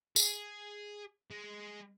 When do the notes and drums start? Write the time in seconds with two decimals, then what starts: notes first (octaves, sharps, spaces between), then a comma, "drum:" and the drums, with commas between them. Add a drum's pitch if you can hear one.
0.16 G#4, drum: tambourine
1.31 G#3